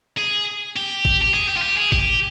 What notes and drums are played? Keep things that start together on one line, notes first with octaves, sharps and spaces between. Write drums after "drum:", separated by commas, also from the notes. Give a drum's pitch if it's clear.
G#4
G4
drum: kick G#1
G4
G#4
G4
F4
G4
G#4
G4, drum: kick G#1